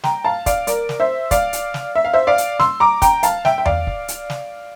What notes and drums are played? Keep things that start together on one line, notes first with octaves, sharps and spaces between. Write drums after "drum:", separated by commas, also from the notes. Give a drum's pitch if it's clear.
G5 A#5, drum: snare
F5 A5
D5 F5, drum: kick, hi-hat
A#4 D5, drum: hi-hat
drum: snare
C5 E5
D5 F5, drum: kick, hi-hat
drum: hi-hat
drum: snare
E5
F5
C5 E5
D5 F5
drum: hi-hat
C6 E6, drum: snare
A#5 D6
G5 A#5, drum: kick, hi-hat
F5 A5, drum: hi-hat
E5 G5, drum: snare
G5
D5 F5, drum: tom E2
drum: kick
drum: hi-hat
drum: snare